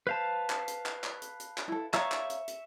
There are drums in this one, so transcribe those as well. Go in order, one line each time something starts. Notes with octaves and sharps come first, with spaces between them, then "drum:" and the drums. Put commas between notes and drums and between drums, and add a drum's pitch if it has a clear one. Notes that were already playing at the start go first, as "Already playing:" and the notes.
B4 C5 F5 A5
drum: clap
drum: hi-hat
drum: clap
drum: clap
drum: hi-hat
drum: hi-hat
drum: clap
E4 A4
C#5 E5 F5 A#5 C#6, drum: clap
drum: clap
drum: hi-hat
drum: hi-hat